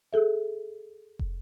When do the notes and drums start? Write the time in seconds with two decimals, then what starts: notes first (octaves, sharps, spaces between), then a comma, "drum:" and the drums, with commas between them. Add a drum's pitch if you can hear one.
0.13 G#4 A4 E5
1.19 drum: kick